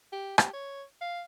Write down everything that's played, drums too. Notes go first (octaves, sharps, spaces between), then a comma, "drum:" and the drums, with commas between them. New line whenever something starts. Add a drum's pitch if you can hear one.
G4
G4, drum: rim click
C#5
F5